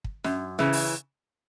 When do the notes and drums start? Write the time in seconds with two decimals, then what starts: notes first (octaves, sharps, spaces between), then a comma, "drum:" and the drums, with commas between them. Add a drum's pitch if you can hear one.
0.04 drum: kick
0.24 F#2, drum: snare
0.59 C#3 E3, drum: snare
0.73 drum: open hi-hat